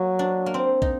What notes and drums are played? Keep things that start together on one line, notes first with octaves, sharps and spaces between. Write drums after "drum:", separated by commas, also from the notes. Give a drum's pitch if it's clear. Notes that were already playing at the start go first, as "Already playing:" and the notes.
Already playing: F#3 A#3
D4
A#3
C4
D#4, drum: kick